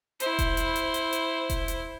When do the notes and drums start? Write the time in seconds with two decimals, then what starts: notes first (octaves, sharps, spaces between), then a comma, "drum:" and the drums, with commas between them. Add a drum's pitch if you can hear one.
0.20 E4 C5, drum: hi-hat
0.39 drum: kick E1, hi-hat
0.57 drum: hi-hat
0.76 drum: hi-hat
0.94 drum: hi-hat
1.13 drum: hi-hat
1.50 drum: kick E1, hi-hat
1.68 drum: hi-hat